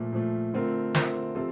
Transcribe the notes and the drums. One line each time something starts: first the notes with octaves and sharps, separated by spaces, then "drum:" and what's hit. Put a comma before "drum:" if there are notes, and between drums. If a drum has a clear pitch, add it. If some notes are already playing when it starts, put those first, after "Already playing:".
Already playing: A#2 F3 A3
A#2 F3 A3
D3 A3 C4 F4 A#4
D3 A3 C4 F4 A#4, drum: snare
C3 F3 C4 F4 A4